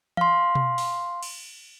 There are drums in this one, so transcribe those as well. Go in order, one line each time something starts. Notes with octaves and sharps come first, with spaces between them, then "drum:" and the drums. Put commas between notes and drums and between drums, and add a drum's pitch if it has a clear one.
F5 C6, drum: tom E3
drum: tom B2
drum: open hi-hat
drum: cymbal